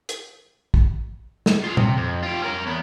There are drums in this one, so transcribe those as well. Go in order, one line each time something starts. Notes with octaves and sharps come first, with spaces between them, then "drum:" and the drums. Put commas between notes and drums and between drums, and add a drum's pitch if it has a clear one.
drum: hi-hat
drum: kick
drum: snare
F4 G#4
C3, drum: tom
F2
F4 G4
C#4 A#4
E2 B3